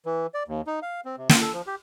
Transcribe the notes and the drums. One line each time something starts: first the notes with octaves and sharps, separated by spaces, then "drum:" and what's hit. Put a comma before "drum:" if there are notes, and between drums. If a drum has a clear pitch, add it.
E3
D5
D#2
D#4
F5
C4
C3
F4, drum: snare
A4
F3
G4